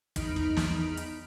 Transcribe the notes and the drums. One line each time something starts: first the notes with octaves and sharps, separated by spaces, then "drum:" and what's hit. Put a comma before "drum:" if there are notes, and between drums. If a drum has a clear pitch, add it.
E2 D#4 B5 F6 D7, drum: kick, hi-hat
drum: kick
drum: snare
drum: hi-hat